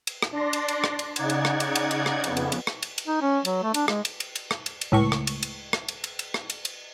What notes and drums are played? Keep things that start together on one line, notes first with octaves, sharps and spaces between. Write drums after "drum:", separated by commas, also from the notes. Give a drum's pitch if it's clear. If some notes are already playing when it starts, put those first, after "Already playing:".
drum: cymbal
drum: rim click
D4 D5 C6 A#6
drum: cymbal
drum: cymbal
drum: rim click
drum: cymbal
C#3 D#4 D5 F#5 G#6, drum: cymbal
drum: cymbal
drum: rim click
drum: cymbal
drum: cymbal
drum: cymbal
drum: rim click
F2 C#3 B3, drum: cymbal
drum: cymbal
drum: cymbal
drum: rim click
drum: cymbal
drum: cymbal
D#4
C#4
F#3, drum: cymbal
A3
D4, drum: cymbal
G#3, drum: rim click
drum: cymbal
drum: cymbal
drum: cymbal
drum: rim click
drum: cymbal
drum: cymbal
C#2 A2 C#6
drum: rim click
drum: cymbal
drum: cymbal
drum: rim click
drum: cymbal
drum: cymbal
drum: cymbal
drum: rim click
drum: cymbal
drum: cymbal